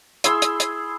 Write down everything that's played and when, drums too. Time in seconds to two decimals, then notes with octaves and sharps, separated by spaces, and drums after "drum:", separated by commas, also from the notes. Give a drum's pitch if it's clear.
0.24 E4 G#4 C6 E6, drum: hi-hat
0.42 drum: hi-hat
0.60 drum: hi-hat